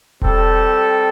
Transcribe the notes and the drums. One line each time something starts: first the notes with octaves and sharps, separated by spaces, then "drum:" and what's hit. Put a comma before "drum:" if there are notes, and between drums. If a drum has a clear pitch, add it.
G3 C4 G4 A4, drum: kick E1